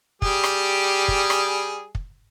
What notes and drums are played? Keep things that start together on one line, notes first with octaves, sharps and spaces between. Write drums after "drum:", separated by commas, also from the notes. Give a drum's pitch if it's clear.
G3 G4 G#4, drum: kick
drum: rim click
drum: kick
drum: rim click
drum: kick